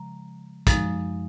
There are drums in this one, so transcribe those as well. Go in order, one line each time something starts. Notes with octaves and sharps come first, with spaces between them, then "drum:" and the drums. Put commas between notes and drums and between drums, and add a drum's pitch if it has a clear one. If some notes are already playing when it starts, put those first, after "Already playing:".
Already playing: C#3 F3 G#3 A#5
F#2 F3 G#3 D#4, drum: kick, hi-hat